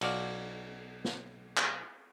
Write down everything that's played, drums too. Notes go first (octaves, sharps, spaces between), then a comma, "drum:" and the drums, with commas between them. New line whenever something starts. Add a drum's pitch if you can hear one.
B1 F#4 D5 F5, drum: cymbal
drum: snare
drum: clap